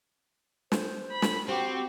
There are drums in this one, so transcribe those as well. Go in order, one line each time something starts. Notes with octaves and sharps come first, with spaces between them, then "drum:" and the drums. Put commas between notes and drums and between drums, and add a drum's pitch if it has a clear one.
C5, drum: snare
B5
drum: snare
C4 F#4 G4